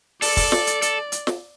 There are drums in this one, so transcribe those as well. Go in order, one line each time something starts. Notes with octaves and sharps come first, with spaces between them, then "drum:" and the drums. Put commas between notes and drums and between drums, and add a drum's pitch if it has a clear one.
A4 D5, drum: open hi-hat
drum: kick, open hi-hat
drum: snare
drum: hi-hat
A4, drum: hi-hat
drum: hi-hat
drum: snare